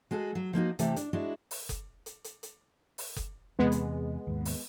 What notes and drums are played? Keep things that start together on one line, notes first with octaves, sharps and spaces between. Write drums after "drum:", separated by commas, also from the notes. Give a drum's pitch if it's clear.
G#3 F#4 G#4 A4
F#3
F3 A#3 D#4 F#4
C3 E3 A3 G4 A4, drum: hi-hat
D4, drum: hi-hat
G#3 D4 E4 F#4
drum: open hi-hat
drum: kick F#1, hi-hat
drum: hi-hat
drum: hi-hat
drum: hi-hat
drum: open hi-hat
drum: kick F#1, hi-hat
E2 C3 G#3 B3
drum: hi-hat
D#2 G#2
drum: open hi-hat